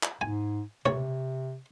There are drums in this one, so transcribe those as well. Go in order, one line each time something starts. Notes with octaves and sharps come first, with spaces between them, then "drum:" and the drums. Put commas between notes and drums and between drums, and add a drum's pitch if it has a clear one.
drum: clap
G#2 G#5
C3 C#5, drum: tom B2